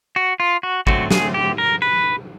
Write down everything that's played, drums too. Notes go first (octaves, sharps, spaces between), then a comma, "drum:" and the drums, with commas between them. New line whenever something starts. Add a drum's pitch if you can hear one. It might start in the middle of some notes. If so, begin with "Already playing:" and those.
F#4
F4
F#4
D3 F#3 A3 C4 F#4, drum: kick
G#4, drum: snare
G4
A#4
B4